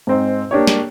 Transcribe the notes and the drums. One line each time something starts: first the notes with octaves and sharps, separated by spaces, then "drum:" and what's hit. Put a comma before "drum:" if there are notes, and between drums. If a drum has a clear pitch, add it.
G#2 C4 D#4
A#3 D4 G4 C#5
drum: snare